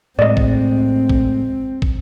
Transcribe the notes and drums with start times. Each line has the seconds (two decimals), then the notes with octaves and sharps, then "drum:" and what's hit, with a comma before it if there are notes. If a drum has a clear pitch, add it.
0.19 A2 G#3 C4 D5 D#5
0.37 drum: kick
1.09 drum: kick
1.82 drum: kick